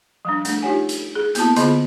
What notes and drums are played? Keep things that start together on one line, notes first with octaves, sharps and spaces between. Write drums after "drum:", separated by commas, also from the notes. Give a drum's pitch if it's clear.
F3 G3 D4
A3 D4, drum: hi-hat
D#4 F4 G4 C#5 F#5 G#5
drum: hi-hat
G#4
A#3 B3 E4 F#4 A5, drum: hi-hat
D3 B3 F4 G#4 D#5 B5, drum: hi-hat